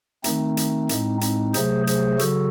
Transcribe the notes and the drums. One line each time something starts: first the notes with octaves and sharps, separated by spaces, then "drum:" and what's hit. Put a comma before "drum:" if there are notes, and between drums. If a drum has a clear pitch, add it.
D#3 A3 C4 D#4, drum: hi-hat
drum: hi-hat
A2 G#3, drum: hi-hat
C4 D#4, drum: hi-hat
C3 F#3 A3 G#4 C5, drum: hi-hat
G#4 C5, drum: hi-hat
C#3 F#3 F#4 A4, drum: hi-hat